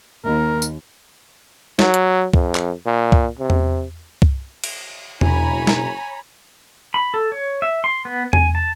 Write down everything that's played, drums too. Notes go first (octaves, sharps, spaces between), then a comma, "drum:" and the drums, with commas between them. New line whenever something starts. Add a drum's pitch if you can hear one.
D#2 A#4
drum: tambourine
F#3, drum: snare
drum: hi-hat
F2, drum: kick C2
drum: clap
A#2
drum: kick C2
C3
drum: tom E2
drum: kick C2
drum: cymbal
F#1 B2 D4 E4 C#5 G#5 A#5 B5, drum: tom E2
drum: snare
B5
A4
C#5
E5
C6
B3
G#5, drum: tom E2
A5